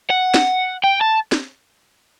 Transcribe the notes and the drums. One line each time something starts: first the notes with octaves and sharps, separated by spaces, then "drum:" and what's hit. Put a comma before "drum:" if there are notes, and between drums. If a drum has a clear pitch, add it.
F#5
drum: snare
G5
A5
drum: snare